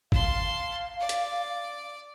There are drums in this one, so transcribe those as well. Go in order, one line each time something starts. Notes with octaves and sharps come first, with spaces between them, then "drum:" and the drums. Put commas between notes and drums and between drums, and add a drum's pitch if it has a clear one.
F5 A5 C6, drum: kick G#1
D5
drum: hi-hat